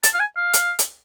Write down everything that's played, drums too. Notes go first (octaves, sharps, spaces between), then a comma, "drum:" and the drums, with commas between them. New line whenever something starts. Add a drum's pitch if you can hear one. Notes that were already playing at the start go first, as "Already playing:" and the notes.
A5, drum: hi-hat
F5
G#5
F5
drum: hi-hat
drum: hi-hat